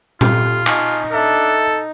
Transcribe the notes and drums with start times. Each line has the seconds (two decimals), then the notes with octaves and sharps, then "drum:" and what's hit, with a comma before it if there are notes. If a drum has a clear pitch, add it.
0.21 F4 G4 A4, drum: tom A#2
0.67 D#4 G#5 A5 C#6, drum: clap
1.13 D4 A4 E5 A#5